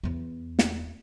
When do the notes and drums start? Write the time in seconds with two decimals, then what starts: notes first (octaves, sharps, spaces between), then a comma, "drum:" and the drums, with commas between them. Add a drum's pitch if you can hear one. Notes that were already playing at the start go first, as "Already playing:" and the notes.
0.04 E2 B3
0.59 drum: snare